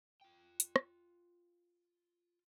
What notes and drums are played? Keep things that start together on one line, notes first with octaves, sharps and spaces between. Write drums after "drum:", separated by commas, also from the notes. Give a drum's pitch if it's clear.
F4 G5
drum: hi-hat
drum: rim click